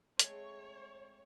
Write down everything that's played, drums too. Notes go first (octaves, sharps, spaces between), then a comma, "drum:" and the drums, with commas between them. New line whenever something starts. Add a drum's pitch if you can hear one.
G#3 A3 C4 C#5, drum: hi-hat